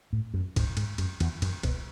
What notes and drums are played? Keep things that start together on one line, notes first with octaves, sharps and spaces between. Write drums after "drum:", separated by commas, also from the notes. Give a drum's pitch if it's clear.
A2
F#2
G#2, drum: kick, cymbal
G#2, drum: cymbal
F#2, drum: cymbal
E2, drum: cymbal
F#2, drum: cymbal
B2, drum: kick, cymbal